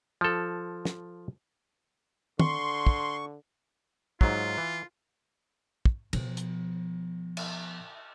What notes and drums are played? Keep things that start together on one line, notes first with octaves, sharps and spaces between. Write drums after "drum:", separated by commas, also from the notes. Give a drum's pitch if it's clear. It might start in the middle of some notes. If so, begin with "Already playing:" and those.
F3 A4
drum: snare
D3 C6 C#6, drum: tom
drum: kick
G#2 F#3 F4, drum: kick
E3
drum: kick
B2 F3, drum: cymbal
drum: hi-hat
drum: cymbal